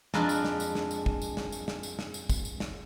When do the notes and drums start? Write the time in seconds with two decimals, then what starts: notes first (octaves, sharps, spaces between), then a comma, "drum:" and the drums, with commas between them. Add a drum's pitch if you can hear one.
0.14 F2 G#3 D4 A#4 B4 A5, drum: snare
0.29 drum: tambourine
0.45 drum: snare
0.60 drum: tambourine
0.75 drum: snare
0.91 drum: tambourine
1.06 drum: kick
1.22 drum: tambourine
1.37 drum: snare
1.52 drum: tambourine
1.68 drum: snare
1.83 drum: tambourine
1.99 drum: snare
2.14 drum: tambourine
2.30 drum: kick, tambourine
2.45 drum: tambourine
2.60 drum: snare